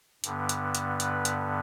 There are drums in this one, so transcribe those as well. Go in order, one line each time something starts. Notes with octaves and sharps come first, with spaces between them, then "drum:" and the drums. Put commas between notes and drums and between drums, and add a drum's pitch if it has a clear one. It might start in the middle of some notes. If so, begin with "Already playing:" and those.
G2 D3 B3, drum: hi-hat
drum: hi-hat
drum: hi-hat
B4, drum: hi-hat
drum: hi-hat